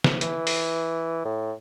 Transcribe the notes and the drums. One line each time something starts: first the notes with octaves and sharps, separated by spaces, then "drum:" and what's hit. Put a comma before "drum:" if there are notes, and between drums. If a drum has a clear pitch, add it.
drum: snare
E3, drum: hi-hat
drum: open hi-hat
A2